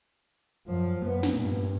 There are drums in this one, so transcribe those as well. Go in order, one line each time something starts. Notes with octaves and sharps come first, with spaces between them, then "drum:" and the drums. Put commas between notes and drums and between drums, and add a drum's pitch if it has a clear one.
F#2 F3
F#2 B3
drum: snare
G2 A#2